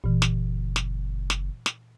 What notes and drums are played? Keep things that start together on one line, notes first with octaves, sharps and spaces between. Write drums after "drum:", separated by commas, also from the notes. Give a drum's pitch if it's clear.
F#1 A#2 E3
drum: snare
drum: snare
drum: snare
drum: snare